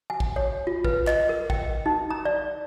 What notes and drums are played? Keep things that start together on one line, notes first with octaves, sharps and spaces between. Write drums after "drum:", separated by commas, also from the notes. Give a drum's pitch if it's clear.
G#5
drum: kick
C#5
F4
B4, drum: kick
D#5, drum: clap
A#4
G5, drum: kick
D#4
A#5
D5